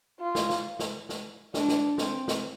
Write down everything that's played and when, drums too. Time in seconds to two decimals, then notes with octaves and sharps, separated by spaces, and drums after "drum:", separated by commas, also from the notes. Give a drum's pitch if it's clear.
0.20 F4
0.35 drum: snare
0.50 drum: snare
0.79 drum: snare
1.09 drum: snare
1.54 D4, drum: snare
1.68 drum: snare
1.98 C4, drum: snare
2.28 drum: snare